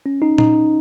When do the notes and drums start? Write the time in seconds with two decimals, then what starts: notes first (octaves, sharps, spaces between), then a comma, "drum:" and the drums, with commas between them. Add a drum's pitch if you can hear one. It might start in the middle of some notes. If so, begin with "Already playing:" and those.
0.06 C#4
0.22 D#4
0.38 D#4, drum: tom A#2